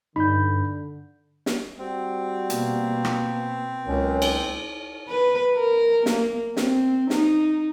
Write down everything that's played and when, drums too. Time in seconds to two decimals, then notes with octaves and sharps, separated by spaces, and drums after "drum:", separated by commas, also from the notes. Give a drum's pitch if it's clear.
0.16 G2 D3 D#4 B5 G6
1.46 drum: snare
1.79 G3 C4 F#4
2.50 B2 A#3, drum: hi-hat
3.05 drum: rim click
3.86 C#2 F#3 A#3 C#4
4.22 drum: cymbal
5.08 B4
5.55 A#4
6.06 A#3, drum: snare
6.57 C4, drum: snare
7.10 D#4, drum: snare